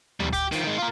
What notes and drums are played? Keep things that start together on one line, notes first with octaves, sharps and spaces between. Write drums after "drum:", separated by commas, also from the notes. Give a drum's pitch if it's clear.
B1 G3, drum: tom D2
G4, drum: kick F#1, hi-hat
D#3 F3, drum: hi-hat
D#3 G#3
F4 A#4